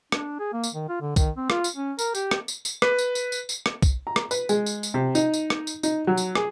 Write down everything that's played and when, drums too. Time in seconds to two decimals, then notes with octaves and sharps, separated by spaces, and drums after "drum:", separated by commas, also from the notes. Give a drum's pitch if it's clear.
0.12 D4, drum: rim click
0.40 G#4
0.53 A#3
0.64 drum: tambourine
0.74 D#3
0.89 F4
1.01 D3
1.16 D#3, drum: kick C2, tambourine
1.37 C4
1.50 F4, drum: rim click
1.64 drum: tambourine
1.75 C#4
1.99 A#4, drum: tambourine
2.15 G4, drum: tambourine
2.31 drum: rim click
2.48 drum: tambourine
2.65 drum: tambourine
2.82 B4, drum: rim click
2.99 drum: tambourine
3.15 drum: tambourine
3.32 drum: tambourine
3.49 drum: tambourine
3.66 drum: rim click
3.82 drum: kick C2, tambourine
4.07 A#5
4.16 drum: rim click
4.31 B4, drum: tambourine
4.49 G#3, drum: tambourine
4.66 drum: tambourine
4.83 drum: tambourine
4.94 C3
5.15 D#4, drum: tambourine
5.34 drum: tambourine
5.50 drum: rim click
5.67 drum: tambourine
5.83 D#4, drum: tambourine
6.07 F#3
6.17 drum: tambourine
6.35 G#4, drum: rim click